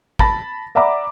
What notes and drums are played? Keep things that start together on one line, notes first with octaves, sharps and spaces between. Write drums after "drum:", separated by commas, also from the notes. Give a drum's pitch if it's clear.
A5 B5 A6 A#6, drum: kick
D5 E5 F#5 A#5 B5 D6